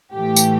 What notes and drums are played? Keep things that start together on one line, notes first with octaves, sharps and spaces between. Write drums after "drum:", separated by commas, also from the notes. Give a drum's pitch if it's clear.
A2 E3 A3 G4
drum: tambourine